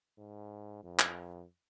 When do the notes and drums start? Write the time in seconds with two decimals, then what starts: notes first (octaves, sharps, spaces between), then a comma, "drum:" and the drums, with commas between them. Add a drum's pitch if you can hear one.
0.18 G#2
0.83 F2
0.99 drum: clap